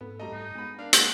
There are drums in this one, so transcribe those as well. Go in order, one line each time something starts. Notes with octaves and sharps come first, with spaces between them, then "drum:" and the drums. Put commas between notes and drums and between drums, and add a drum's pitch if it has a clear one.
G#2 B3 A4
G3 A3 D#5 A#5
G#2 D#4
G#3 B3 B5
D4 A#4 F5
F#3 G#3 A#3 C#4 G#4 F#5 D#6, drum: hi-hat